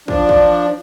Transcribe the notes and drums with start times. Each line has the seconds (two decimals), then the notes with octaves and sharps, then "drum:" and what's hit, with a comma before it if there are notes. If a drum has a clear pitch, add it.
0.08 F3 D4, drum: kick
0.29 drum: kick